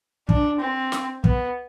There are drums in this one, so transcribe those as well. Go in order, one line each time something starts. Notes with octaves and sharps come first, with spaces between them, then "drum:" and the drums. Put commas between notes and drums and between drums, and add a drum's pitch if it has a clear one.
D4, drum: kick
C4
drum: snare
B3, drum: kick